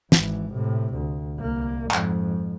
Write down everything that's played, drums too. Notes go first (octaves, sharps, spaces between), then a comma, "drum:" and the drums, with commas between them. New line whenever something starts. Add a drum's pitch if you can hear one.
G#1 E3, drum: snare
A2 C3
D2
C2 A#3
F2 G#2, drum: clap